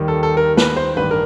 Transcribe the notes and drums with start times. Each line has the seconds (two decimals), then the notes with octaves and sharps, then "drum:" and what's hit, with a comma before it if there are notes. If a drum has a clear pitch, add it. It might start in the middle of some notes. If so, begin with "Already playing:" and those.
Already playing: D#2 D#3 G3
0.08 A4
0.23 A4
0.37 A#4
0.57 B4, drum: snare
0.77 C5
0.96 A1 G2 D#3 B4
1.11 A#4